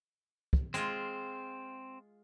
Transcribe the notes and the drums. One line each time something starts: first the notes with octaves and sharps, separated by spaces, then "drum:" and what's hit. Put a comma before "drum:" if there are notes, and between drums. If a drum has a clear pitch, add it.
drum: kick
G#3 C4 F4, drum: hi-hat